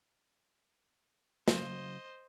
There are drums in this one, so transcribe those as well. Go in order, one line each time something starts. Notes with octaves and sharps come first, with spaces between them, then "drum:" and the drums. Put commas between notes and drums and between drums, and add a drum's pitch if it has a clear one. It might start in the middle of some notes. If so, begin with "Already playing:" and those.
C#3 F#3 C5 D#5, drum: snare